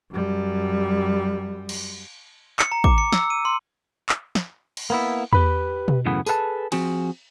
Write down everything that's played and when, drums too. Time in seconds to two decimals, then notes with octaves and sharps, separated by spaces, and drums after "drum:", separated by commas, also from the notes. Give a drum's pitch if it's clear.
0.11 F#2 G3
1.69 drum: cymbal
2.59 C#7, drum: clap
2.72 A#5
2.84 D6, drum: kick
2.98 C#7
3.12 E6, drum: snare
3.30 D#7
3.45 C6
4.09 drum: clap
4.35 drum: snare
4.77 drum: cymbal
4.90 A#3 B3 E4
5.33 G4 B4 B5, drum: tom E2
5.88 drum: tom B2
6.06 F#2 A2 C#3 E3 B3
6.26 G#4 A4 B4 E5 A5, drum: tambourine
6.72 F3 C4 F#4 G#4, drum: cymbal